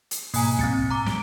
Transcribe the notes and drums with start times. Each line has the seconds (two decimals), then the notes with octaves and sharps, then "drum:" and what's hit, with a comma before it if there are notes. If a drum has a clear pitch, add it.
0.11 drum: hi-hat
0.34 G#2 B2 A#3 G#5 A#5, drum: open hi-hat
0.59 C4 A6 C#7, drum: kick
0.91 A2 A#5 D6
1.06 G3, drum: snare